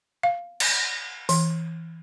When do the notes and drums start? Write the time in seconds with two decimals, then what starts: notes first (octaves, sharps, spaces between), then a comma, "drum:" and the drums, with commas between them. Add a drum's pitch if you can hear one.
0.23 F5
0.60 drum: cymbal
1.29 E3, drum: open hi-hat